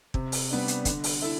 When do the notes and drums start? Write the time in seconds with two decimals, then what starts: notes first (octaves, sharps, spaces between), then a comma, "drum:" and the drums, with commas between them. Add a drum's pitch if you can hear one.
0.14 C3, drum: kick
0.32 drum: open hi-hat
0.50 G3 B3 D4
0.68 drum: hi-hat
0.85 D3, drum: kick, hi-hat
1.04 drum: open hi-hat
1.22 E4 A4 E5